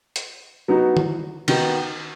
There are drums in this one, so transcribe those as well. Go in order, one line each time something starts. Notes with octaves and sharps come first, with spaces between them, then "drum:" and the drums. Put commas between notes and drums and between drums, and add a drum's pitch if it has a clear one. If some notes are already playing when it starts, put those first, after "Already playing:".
drum: hi-hat
F#3 B3 D#4 F#4
drum: tom D#3
D#3 B3 D#4 F#4, drum: cymbal